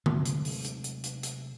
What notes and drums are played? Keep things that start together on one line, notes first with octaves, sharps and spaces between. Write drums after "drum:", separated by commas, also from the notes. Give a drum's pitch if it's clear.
C3 F#3 G#3 A3, drum: tom D3
drum: hi-hat
drum: open hi-hat
drum: hi-hat
drum: hi-hat
drum: hi-hat
drum: hi-hat